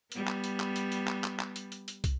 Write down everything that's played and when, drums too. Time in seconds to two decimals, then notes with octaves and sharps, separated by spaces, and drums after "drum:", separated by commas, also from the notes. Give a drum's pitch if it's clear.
0.12 G3 B3, drum: hi-hat
0.28 drum: clap
0.44 drum: hi-hat
0.60 drum: clap
0.76 drum: hi-hat
0.92 drum: hi-hat
1.08 drum: clap
1.24 drum: clap
1.40 drum: clap
1.56 drum: hi-hat
1.72 drum: hi-hat
1.88 drum: hi-hat
2.04 drum: kick, hi-hat